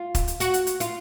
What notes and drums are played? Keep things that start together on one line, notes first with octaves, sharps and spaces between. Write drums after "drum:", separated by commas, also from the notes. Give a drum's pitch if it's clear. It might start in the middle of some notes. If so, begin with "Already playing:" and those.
Already playing: F4
drum: kick, hi-hat
drum: hi-hat
F#4, drum: hi-hat
drum: hi-hat
drum: hi-hat
F4, drum: hi-hat